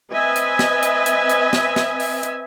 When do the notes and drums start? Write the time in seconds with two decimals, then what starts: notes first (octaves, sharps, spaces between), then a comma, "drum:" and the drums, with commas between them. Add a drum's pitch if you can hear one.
0.12 C4 B4 D#5 E5 G#5
0.36 drum: hi-hat
0.59 drum: snare
0.83 drum: hi-hat
1.06 drum: hi-hat
1.29 drum: hi-hat
1.53 drum: snare
1.76 drum: snare
2.00 drum: open hi-hat
2.23 drum: hi-hat